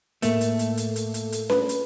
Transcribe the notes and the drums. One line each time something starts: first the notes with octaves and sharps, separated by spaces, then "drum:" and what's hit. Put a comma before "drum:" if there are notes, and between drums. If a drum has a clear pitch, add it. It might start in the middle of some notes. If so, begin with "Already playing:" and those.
A2 A3 A#3 A4, drum: hi-hat
drum: hi-hat
drum: hi-hat
drum: hi-hat
drum: hi-hat
drum: hi-hat
drum: hi-hat
B4, drum: snare C#4
drum: hi-hat